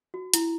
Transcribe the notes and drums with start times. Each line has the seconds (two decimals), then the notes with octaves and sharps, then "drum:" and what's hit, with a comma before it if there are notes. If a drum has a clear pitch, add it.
0.14 F#4
0.34 E4, drum: hi-hat